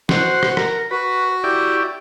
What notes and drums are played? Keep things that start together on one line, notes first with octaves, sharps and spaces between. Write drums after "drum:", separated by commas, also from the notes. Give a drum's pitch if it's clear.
F#4 C5 F#5, drum: snare
drum: rim click
A#4, drum: rim click
F#4 B4
E4 G4 D5